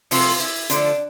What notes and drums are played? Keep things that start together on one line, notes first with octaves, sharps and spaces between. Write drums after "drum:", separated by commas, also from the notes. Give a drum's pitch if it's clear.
C3 F3 A3 F4, drum: open hi-hat
E4
D3 F3 A3 D4, drum: hi-hat